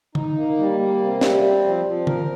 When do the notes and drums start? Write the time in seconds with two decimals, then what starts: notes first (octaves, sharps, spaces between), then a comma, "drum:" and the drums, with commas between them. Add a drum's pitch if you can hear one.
0.15 D#4, drum: tom
0.37 A#3
0.59 G3
0.80 A#3
1.00 C3
1.21 G3, drum: snare
1.43 C4
1.64 F3
1.85 F3
2.07 A#4, drum: tom